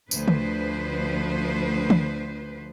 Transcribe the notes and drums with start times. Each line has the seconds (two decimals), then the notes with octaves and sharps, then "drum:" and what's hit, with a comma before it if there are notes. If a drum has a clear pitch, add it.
0.11 D2 F3 B4 C5, drum: tambourine
0.28 drum: tom
1.90 drum: tom